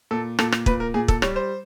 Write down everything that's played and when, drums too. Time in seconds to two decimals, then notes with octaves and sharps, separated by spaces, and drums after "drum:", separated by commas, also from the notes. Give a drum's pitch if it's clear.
0.11 A#2 A4
0.39 A#2 A4, drum: rim click
0.52 drum: rim click
0.66 A#2 B4, drum: kick
0.80 A#4
0.94 A#2 G#4
1.08 A4, drum: kick
1.22 G3 C#5, drum: rim click
1.36 C5